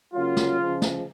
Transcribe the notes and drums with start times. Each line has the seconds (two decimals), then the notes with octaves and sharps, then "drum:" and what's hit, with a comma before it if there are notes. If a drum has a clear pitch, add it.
0.14 C#3 F#3 A#3 F4
0.37 drum: snare
0.60 C#3 F3 G#3
0.82 drum: snare